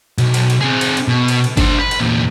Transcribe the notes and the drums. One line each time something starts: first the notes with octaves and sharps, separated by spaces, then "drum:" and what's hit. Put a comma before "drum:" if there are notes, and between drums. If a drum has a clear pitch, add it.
B1, drum: cymbal
drum: cymbal
drum: cymbal
C4 G#4
drum: cymbal
drum: cymbal
B2
drum: cymbal
drum: cymbal
D4 C5, drum: kick G1, cymbal
B4
drum: cymbal
E2 A#2